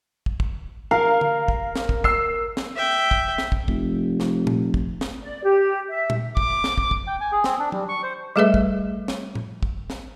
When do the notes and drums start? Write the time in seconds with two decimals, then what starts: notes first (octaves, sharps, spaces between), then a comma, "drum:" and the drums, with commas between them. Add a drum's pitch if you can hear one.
0.26 drum: kick
0.40 drum: kick
0.91 A#4 F5
1.21 drum: tom D3
1.48 drum: kick
1.76 drum: snare
1.89 drum: kick
2.04 E6 C7, drum: kick
2.57 drum: snare
2.76 E5 G5
3.11 drum: kick
3.38 drum: snare
3.52 drum: kick
3.68 F1, drum: kick
4.20 drum: snare
4.47 drum: tom A#2
4.74 drum: kick
5.01 drum: snare
5.22 D5
5.42 G4
5.89 E5
6.10 drum: tom A#2
6.37 D6, drum: kick
6.64 drum: snare
6.78 drum: kick
6.91 drum: kick
7.07 G5
7.20 G#5
7.32 G#4
7.44 C4, drum: snare
7.59 D4
7.72 G3, drum: tom F#3
7.89 C#6
8.03 C5
8.36 G3 A3 G#4 A4 B4 E5
8.54 drum: kick
9.08 drum: snare
9.35 drum: tom A2
9.63 drum: kick
9.90 drum: snare